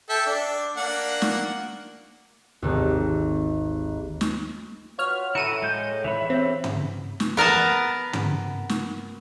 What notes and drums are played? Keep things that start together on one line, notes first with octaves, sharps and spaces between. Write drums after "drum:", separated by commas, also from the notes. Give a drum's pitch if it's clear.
A4 E5 G5
D4
A#3 D4 F#5
drum: snare
G#1 D#2
drum: snare
F4 F#4 B4 C#5 F6
A2 E4 F#4 A#5 C#7 D#7
G#3 G6
G2 C#3 E3 C#5 E5 B5
C4
drum: tom
drum: snare
B3 A#4 B4 A5
drum: tom
drum: snare